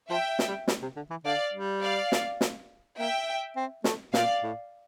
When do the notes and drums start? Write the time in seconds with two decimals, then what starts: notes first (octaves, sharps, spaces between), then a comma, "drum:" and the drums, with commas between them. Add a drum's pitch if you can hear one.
0.10 F3 E5 G5
0.39 drum: snare
0.48 G3
0.68 G3, drum: snare
0.82 C3
0.96 D3
1.10 E3
1.25 D3 D5 F5
1.54 G3
1.83 D5 F5
2.12 drum: snare
2.41 drum: snare
2.98 A#3 E5 G5
3.57 C4
3.84 A3, drum: snare
4.14 A#2 D5 F5, drum: snare
4.43 A2